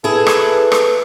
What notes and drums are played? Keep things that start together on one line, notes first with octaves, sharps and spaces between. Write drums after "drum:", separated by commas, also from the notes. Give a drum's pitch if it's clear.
E4 G#4 A4 B4
drum: rim click
drum: rim click